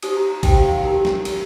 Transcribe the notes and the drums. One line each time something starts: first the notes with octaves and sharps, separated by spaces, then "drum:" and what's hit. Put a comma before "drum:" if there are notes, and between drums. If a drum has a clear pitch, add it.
D#4 G4 C5 D#6, drum: cymbal
A#5
A#5
D#4 G4 C5 G5, drum: kick, cymbal
F5
D#4 G4 A#4 A#5
drum: snare
drum: cymbal